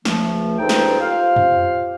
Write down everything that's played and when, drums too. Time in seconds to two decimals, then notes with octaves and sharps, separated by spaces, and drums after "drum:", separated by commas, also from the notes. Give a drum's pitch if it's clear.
0.05 C#2 F3 A3, drum: snare
0.59 C#2 G2 D#4 A4 C5 G5
0.69 drum: snare
1.01 F4 G4 C5 F5
1.36 drum: tom F2